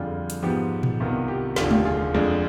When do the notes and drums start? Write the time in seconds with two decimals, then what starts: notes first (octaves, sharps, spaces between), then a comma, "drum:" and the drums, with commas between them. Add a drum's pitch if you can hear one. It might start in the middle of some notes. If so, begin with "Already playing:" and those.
Already playing: F2 D3 G3 F4 G#4
0.30 drum: hi-hat
0.43 G#2 F3 B3 G4
0.83 drum: tom A#2
1.00 C2 C3 D#3 B3 F4
1.28 G4
1.56 F1 D#2 D3 F4, drum: snare
1.71 G4, drum: tom G#3
1.85 F4 G#4
2.14 F2 D3 G#3 D4